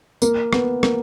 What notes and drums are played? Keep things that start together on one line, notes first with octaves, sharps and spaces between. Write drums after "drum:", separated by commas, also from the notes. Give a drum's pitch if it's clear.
A#3, drum: tambourine
B3, drum: rim click
A#3, drum: rim click